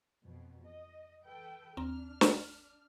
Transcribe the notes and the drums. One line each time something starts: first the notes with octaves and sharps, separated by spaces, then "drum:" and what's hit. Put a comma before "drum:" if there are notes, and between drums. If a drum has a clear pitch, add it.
F2 B2
D#5
A4 B4 G5
D#2 C4 D4 A#5 F6
drum: snare